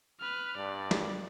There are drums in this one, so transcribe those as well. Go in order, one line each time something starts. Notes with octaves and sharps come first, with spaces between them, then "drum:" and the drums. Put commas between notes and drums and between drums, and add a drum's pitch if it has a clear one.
B4 F6
G2 D5
drum: snare